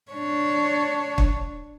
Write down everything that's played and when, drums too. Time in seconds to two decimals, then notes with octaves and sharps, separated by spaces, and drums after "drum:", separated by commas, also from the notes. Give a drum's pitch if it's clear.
0.12 D4 C#5
1.18 drum: kick